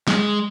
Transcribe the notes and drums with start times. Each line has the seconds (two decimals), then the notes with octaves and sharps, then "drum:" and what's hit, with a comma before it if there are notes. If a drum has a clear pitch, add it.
0.07 G#3, drum: snare